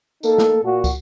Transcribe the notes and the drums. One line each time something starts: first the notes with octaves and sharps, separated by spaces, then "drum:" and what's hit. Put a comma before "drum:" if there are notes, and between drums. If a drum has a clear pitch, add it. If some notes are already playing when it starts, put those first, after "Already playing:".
A#3 D#4 A4, drum: tambourine
drum: snare
A#2 F#4
drum: kick, tambourine